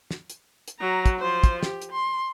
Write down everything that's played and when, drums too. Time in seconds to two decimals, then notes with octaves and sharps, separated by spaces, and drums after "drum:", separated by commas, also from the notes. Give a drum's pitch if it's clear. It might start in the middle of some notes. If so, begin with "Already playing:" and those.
0.11 drum: snare
0.30 drum: hi-hat
0.68 drum: hi-hat
0.79 F#3 A#5
1.06 drum: kick, hi-hat
1.19 F3 C5
1.44 drum: kick, hi-hat
1.63 G4, drum: snare
1.82 drum: hi-hat
1.92 C6